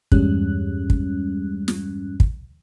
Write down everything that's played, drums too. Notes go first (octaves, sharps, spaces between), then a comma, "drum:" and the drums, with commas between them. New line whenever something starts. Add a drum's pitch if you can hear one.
E2 G2 G3 G#3 C#4 F#6, drum: kick
drum: kick
drum: snare
drum: kick